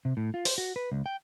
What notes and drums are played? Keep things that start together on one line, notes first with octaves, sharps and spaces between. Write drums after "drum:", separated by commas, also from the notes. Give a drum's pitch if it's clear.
C3
A2
F4
C5, drum: open hi-hat
F#4
B4
C#2
G5